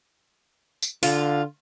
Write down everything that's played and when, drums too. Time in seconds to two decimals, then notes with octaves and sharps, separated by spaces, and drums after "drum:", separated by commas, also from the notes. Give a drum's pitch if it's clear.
0.82 drum: tambourine
1.03 D3 F4, drum: open hi-hat